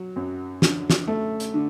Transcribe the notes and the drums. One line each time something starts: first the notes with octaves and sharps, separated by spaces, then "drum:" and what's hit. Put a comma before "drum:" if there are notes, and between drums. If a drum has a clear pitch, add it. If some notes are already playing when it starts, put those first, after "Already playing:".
Already playing: F#3
F#2
D3, drum: snare
drum: snare
A3
drum: hi-hat
D3